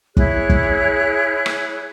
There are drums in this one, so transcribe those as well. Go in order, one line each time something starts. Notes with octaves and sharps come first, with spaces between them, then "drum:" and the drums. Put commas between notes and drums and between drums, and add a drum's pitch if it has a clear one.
E4 G#4 C#5 F#6, drum: kick
drum: kick
drum: rim click